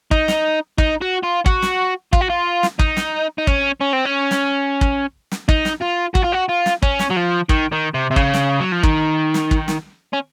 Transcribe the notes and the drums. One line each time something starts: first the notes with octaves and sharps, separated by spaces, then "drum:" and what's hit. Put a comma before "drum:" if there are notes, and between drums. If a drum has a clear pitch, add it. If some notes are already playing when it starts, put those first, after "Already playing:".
D#4, drum: kick
drum: snare
D#4, drum: kick
F#4
F4
F#4, drum: kick
drum: snare
F4, drum: kick
F#4
F4
drum: snare
D#4, drum: kick
drum: snare
D#4
C#4, drum: kick
C#4
C4
C#4
drum: snare
drum: kick
drum: snare
D#4, drum: kick
drum: snare
F4
F#4, drum: kick
F4
F#4
F4
drum: snare
C#4, drum: kick
drum: snare
F#3
F3
D#3, drum: kick
D#3
C3
C3
C#3, drum: kick
drum: snare
F#3
F3
D#3, drum: kick
drum: snare
drum: kick
drum: snare
C#4